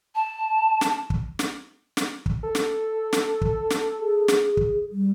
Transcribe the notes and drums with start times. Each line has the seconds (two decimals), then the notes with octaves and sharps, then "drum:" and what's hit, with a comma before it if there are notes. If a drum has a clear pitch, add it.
0.15 A5
0.81 drum: snare
1.10 drum: kick
1.39 drum: snare
1.97 drum: snare
2.26 drum: kick
2.44 A4
2.55 drum: snare
3.13 drum: snare
3.41 drum: kick
3.70 drum: snare
3.99 G#4
4.28 drum: snare
4.57 drum: kick
4.92 G3